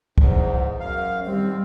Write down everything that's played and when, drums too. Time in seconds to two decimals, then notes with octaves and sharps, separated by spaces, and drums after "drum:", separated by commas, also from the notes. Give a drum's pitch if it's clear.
0.18 E2 G#2, drum: kick
0.80 F#2 F5
1.26 D#2 G3 C4